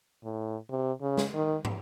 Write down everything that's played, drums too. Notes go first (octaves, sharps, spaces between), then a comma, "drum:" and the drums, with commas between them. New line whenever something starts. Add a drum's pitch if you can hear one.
A2
C3
C#3
drum: snare
D#3
drum: tom